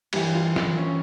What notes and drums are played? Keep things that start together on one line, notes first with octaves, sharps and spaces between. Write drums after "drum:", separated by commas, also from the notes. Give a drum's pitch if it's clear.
G2 E3 G4, drum: cymbal
F4
E4, drum: snare
C#4